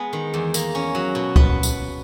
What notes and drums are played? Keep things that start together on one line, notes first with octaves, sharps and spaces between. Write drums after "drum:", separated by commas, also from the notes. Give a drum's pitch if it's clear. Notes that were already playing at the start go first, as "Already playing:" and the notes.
Already playing: G#3 B3 G#4
D#3
E2
A#3, drum: tambourine
C#4
F#3
B2
B3 B4, drum: kick
drum: tambourine